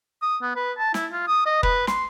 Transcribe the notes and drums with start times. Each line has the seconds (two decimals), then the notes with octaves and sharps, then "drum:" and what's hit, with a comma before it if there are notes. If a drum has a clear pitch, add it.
0.22 D#6
0.42 B3
0.56 B4
0.78 A5
0.94 E4, drum: snare
1.12 F4
1.28 D#6
1.46 D#5
1.63 B4, drum: kick
1.87 C6, drum: snare